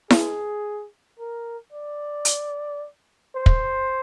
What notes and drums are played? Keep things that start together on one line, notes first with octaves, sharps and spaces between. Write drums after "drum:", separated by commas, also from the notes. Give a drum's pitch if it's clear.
G#4, drum: snare E4
A#4
D5
drum: hi-hat
C5
drum: kick